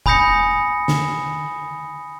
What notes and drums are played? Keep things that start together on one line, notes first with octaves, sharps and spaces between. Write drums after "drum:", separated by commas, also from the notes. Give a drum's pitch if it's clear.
G#5 B5 D#6 G6 A#6 C#7, drum: kick F1
drum: snare